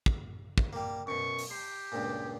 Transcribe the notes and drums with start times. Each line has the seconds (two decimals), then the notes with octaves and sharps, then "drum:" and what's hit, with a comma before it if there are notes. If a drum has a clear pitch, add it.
0.06 drum: kick
0.58 drum: kick
0.73 G3 A#3
1.07 F#2 B2 C#6
1.39 drum: open hi-hat
1.51 G4 C6
1.92 C#2 G2 A#2